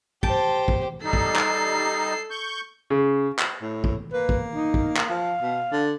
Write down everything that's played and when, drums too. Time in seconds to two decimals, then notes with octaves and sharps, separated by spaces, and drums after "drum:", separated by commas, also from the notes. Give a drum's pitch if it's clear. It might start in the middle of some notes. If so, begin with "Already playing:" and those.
0.23 G4 C5 G5 A5, drum: kick
0.68 drum: kick
1.04 G3 D#4 A4 C7
1.13 drum: kick
1.36 drum: clap
2.31 C#6 G6
2.90 C#3
3.39 drum: clap
3.62 A2
3.84 drum: kick
4.12 A#3 B4
4.29 drum: kick
4.55 D#4
4.74 drum: kick
4.97 drum: clap
5.09 F3 F5
5.42 B2
5.72 D3